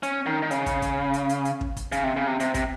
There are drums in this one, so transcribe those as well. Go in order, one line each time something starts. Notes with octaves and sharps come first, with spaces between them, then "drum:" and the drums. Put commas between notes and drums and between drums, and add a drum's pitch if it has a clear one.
C#4, drum: hi-hat
D#3
D#3
C#3, drum: hi-hat
drum: kick, hi-hat
drum: kick, hi-hat
drum: hi-hat
drum: hi-hat
drum: hi-hat
drum: kick
drum: kick, hi-hat
C#3, drum: hi-hat
C3
C#3
C3
C3, drum: hi-hat
C3, drum: kick, hi-hat